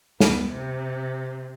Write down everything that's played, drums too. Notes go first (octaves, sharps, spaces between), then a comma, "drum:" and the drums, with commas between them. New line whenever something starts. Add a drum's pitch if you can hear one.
B3, drum: snare
C3